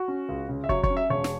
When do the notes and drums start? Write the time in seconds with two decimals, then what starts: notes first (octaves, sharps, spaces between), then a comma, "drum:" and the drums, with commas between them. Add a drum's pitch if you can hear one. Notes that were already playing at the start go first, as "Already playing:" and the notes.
Already playing: F#4
0.08 C#4
0.29 C#2
0.49 C#3
0.64 E5
0.69 F#3 C#5, drum: kick
0.83 C#5, drum: kick
0.90 C#4
0.97 E5
1.10 E1 C#5
1.24 drum: snare